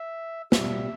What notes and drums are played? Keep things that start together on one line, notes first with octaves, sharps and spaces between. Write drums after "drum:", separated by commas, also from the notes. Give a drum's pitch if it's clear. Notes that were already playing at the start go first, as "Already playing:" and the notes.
Already playing: E5
B2 G3 E5, drum: snare